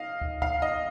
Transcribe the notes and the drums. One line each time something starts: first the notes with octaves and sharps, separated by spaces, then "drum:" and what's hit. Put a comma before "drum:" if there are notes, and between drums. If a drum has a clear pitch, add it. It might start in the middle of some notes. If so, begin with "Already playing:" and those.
Already playing: D#5 F5
drum: kick
F5, drum: kick
D#5